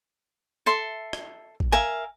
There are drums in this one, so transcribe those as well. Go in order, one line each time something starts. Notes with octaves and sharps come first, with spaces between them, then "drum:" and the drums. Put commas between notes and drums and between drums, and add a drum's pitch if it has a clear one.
A4 E5 C6
drum: rim click
drum: kick
A#4 E5 F5 G#5